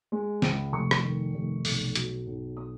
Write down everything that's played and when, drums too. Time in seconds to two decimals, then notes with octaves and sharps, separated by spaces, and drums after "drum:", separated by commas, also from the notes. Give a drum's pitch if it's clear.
0.12 G#3
0.42 C#2, drum: snare
0.72 F1 C#6
0.91 drum: rim click
1.04 D#3
1.34 F1
1.65 B1, drum: open hi-hat
1.95 F#3, drum: hi-hat
2.27 B1
2.57 D#6